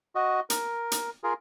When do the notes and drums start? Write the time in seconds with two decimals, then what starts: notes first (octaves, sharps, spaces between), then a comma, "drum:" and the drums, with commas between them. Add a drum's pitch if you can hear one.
0.15 F#4 D#5
0.50 A#4, drum: hi-hat
0.92 drum: hi-hat
1.24 F4 G#4 A#4